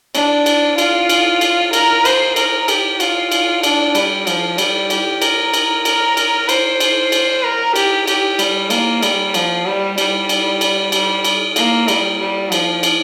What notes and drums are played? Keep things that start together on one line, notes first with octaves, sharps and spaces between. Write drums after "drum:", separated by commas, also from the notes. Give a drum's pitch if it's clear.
D4, drum: cymbal
drum: cymbal
F4, drum: cymbal
drum: cymbal
drum: cymbal
A#4, drum: cymbal
C5, drum: cymbal
A#4, drum: cymbal
G4, drum: cymbal
F4, drum: cymbal
drum: cymbal
D4, drum: cymbal
G3, drum: cymbal
F3, drum: cymbal
G3, drum: cymbal
G4, drum: cymbal
A#4, drum: cymbal
drum: cymbal
A#4, drum: cymbal
drum: cymbal
C5, drum: cymbal
drum: cymbal
drum: cymbal
A#4
G4, drum: cymbal
G4, drum: cymbal
G3, drum: cymbal
A#3, drum: cymbal
G3, drum: cymbal
F3, drum: cymbal
G3
G3, drum: cymbal
drum: cymbal
drum: cymbal
G3, drum: cymbal
drum: cymbal
A#3, drum: cymbal
G3, drum: cymbal
G3
F3, drum: cymbal
drum: cymbal